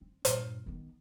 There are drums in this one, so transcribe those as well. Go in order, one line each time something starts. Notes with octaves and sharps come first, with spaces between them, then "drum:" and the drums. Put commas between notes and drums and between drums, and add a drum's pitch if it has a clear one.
C4
G2 A#2, drum: hi-hat
D#3 B3